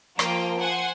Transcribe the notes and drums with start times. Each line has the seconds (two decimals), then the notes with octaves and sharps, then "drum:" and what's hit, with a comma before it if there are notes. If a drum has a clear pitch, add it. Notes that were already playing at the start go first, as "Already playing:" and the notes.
0.19 F3 A#3 F4 G5, drum: rim click
0.59 C5 F#5 G#5